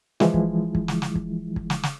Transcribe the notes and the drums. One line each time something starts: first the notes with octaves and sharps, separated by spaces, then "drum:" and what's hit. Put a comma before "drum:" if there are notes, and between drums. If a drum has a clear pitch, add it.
E3 F3 G#3 E4, drum: snare
drum: kick
drum: kick
drum: snare
drum: snare
drum: kick
drum: kick
drum: snare
drum: snare